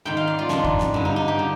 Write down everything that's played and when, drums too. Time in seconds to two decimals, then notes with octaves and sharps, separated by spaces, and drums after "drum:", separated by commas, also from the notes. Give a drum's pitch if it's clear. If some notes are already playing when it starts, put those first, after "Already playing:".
0.05 G#2 D#3 G5
0.17 F5
0.27 D5
0.39 F4
0.49 G#2 D#3 D4, drum: snare
0.65 drum: kick
0.79 drum: snare
0.94 G2 D3, drum: tom F#2
1.05 D#4
1.16 D#4
1.28 G4
1.39 D3